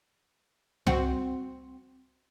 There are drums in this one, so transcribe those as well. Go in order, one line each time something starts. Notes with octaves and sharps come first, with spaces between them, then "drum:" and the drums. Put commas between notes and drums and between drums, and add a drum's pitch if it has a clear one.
C4 F#4, drum: tom C2